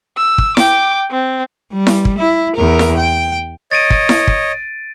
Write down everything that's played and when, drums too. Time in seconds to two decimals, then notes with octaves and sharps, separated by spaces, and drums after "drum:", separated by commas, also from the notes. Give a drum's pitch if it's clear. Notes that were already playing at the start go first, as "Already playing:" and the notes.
0.17 E6
0.38 drum: kick
0.57 G5 D6, drum: snare E4
1.11 C4
1.73 G3
1.87 drum: snare E4
2.05 drum: kick
2.18 E4
2.56 E2 A#4
2.79 drum: snare E4
2.97 G5
3.71 C#5 D#5 A6 D7 D#7
3.90 drum: kick
4.09 drum: snare E4
4.28 drum: kick